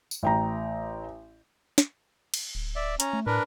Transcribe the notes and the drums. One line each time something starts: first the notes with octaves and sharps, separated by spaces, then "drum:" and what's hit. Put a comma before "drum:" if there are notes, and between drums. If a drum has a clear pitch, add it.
drum: tambourine
A1 G5 A#5
drum: snare
drum: cymbal
D1
D5 E5
C#4 A#5, drum: hi-hat
A3
A2 D4 A#4 B4